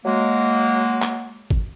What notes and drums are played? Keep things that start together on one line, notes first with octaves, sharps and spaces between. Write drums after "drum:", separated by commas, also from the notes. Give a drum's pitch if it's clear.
F#3 G#3 A#3
drum: clap
drum: kick